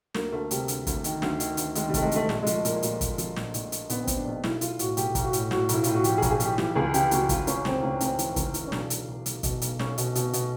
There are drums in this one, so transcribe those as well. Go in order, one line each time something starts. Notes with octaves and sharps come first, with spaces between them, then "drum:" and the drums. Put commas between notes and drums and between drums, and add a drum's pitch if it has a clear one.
D2 A#3, drum: snare
D2 A3
C3 G3, drum: hi-hat
D2, drum: hi-hat
D2, drum: kick, hi-hat
D#3, drum: hi-hat
D2, drum: snare
D#3, drum: hi-hat
D2, drum: hi-hat
D#3 G#3, drum: hi-hat
G3
C3 A3, drum: kick, hi-hat
G#3
D2 A3, drum: hi-hat
A#1 G#3, drum: snare
G#3
F3 A3, drum: hi-hat
A#2 A#3, drum: hi-hat
A#2, drum: hi-hat
A#2, drum: kick, hi-hat
F3, drum: hi-hat
A#1, drum: snare
A#1, drum: hi-hat
A#2, drum: hi-hat
A#1 B3, drum: hi-hat
C4
A#1, drum: kick, hi-hat
D4
A#1 D#4
B1 E4, drum: snare
B1 F4, drum: hi-hat
A2 F#4, drum: hi-hat
B1 G4, drum: hi-hat
B1, drum: kick, hi-hat
F#4
A2, drum: hi-hat
A2 F#4, drum: snare
B1 E4, drum: hi-hat
A2 F4, drum: hi-hat
F#4
F3 G4, drum: hi-hat
G#4
B1, drum: kick, hi-hat
G#4
F3 G4, drum: hi-hat
E3 G4, drum: snare
C#2 G#4
C#3 G4, drum: hi-hat
C#2 F#4, drum: hi-hat
C#2 F4, drum: kick, hi-hat
C#2 C#4, drum: hi-hat
C#2 C4, drum: snare
C#2 C#4
C#2 C4, drum: hi-hat
E3, drum: hi-hat
C#2, drum: kick, hi-hat
E3, drum: hi-hat
C#4
B1 D4, drum: snare
B1, drum: hi-hat
B1
B1, drum: hi-hat
B2, drum: kick, hi-hat
B1, drum: hi-hat
B1 C#4, drum: snare
B2, drum: hi-hat
B2, drum: hi-hat
B2, drum: hi-hat